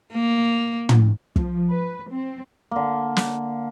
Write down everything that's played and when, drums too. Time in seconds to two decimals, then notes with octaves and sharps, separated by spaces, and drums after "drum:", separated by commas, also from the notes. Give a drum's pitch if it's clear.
0.13 A#3
0.89 drum: tom
1.36 F3, drum: kick
1.70 B4
2.11 C4
2.71 D3 A#3
3.16 drum: snare